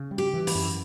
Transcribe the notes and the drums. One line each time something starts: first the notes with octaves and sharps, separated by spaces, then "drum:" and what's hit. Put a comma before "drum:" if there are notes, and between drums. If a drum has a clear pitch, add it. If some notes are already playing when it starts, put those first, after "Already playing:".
Already playing: C#3
G3
G4
E3
E4, drum: open hi-hat
F#2